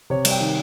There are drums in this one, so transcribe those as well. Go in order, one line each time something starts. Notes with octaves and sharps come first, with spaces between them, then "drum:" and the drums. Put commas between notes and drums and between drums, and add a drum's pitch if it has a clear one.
C3 C#5
G3, drum: cymbal
G5
D#3